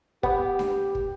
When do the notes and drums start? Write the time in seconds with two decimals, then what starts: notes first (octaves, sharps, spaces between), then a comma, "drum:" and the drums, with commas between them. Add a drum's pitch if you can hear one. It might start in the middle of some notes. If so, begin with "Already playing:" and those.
0.23 B3 G4, drum: kick
0.59 drum: snare D4
0.95 drum: kick